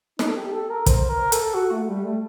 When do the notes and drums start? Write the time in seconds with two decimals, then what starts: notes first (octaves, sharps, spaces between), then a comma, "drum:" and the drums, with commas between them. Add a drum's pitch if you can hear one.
0.19 D#4, drum: snare
0.28 A4
0.36 G4
0.52 A4
0.69 A#4
0.86 C5, drum: kick, hi-hat
1.09 A#4
1.32 A4, drum: hi-hat
1.54 F#4
1.72 A3
1.88 G3
2.04 A3